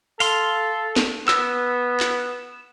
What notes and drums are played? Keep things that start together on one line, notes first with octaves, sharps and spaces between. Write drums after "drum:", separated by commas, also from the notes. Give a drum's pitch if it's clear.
A4 F5 C6, drum: open hi-hat
drum: snare
B3 E6, drum: clap
drum: clap